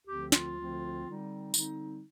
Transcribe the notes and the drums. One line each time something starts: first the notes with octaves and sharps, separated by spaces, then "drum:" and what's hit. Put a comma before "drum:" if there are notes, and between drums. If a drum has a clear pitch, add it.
D2 D3 F3 C4 G4
F4, drum: snare
D2 D3 F3 C4
D3 G3 C4 D#4
D3 G3 C4 D#4, drum: tambourine